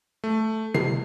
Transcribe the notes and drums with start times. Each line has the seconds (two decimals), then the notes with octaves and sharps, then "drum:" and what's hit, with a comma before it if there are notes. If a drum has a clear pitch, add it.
0.24 A3
0.74 C7, drum: tom C3